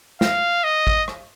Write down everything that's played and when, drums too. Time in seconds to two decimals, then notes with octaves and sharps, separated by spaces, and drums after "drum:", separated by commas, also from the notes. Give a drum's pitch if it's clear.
0.21 F5, drum: snare
0.64 D#5
0.87 drum: kick G#1
1.08 drum: rim click